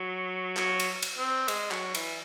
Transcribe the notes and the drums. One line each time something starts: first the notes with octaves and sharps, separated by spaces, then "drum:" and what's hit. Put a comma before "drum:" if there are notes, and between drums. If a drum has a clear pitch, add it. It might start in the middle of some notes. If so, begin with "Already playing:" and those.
Already playing: F#3
F#3, drum: clap
drum: cymbal
drum: cymbal
C4
G#3, drum: cymbal
F#3, drum: clap
E3, drum: cymbal